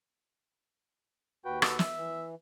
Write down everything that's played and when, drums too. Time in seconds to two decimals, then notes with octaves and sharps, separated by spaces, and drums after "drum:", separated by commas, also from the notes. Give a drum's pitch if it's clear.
1.45 D#2 F#4 B4 G5
1.62 A4, drum: rim click
1.79 E5, drum: snare
1.98 E3